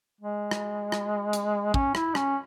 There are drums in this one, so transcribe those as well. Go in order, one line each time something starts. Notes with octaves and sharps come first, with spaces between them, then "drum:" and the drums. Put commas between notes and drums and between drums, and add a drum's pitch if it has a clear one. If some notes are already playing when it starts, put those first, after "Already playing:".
G#3
drum: rim click
drum: rim click
drum: hi-hat
C#4, drum: kick
E4, drum: rim click
C#4, drum: rim click